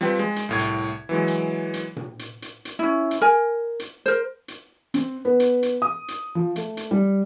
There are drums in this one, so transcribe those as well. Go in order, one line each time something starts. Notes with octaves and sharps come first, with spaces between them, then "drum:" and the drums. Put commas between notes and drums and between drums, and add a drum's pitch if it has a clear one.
F3 G3 C4 B4 G5
G#3
drum: hi-hat
C2 A2 G#6
drum: hi-hat
E3 F#3 G#3
drum: hi-hat
drum: hi-hat
drum: tom A#2
drum: hi-hat
drum: hi-hat
drum: hi-hat
C#4 E4
drum: hi-hat
A#4 G#5
drum: hi-hat
A#4 C5
drum: hi-hat
C4, drum: hi-hat
B3
drum: hi-hat
drum: hi-hat
D#6
drum: hi-hat
F3
A3, drum: hi-hat
drum: hi-hat
G3